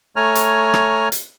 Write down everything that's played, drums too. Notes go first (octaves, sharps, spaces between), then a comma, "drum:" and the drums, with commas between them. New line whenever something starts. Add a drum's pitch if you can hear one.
A3 C#5 G#5 A#5 F6
drum: hi-hat
drum: rim click
drum: hi-hat